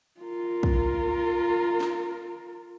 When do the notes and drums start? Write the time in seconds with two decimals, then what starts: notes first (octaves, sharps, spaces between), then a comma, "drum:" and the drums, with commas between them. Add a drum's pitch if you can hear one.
0.21 F4 A#4
0.63 drum: kick
1.80 drum: snare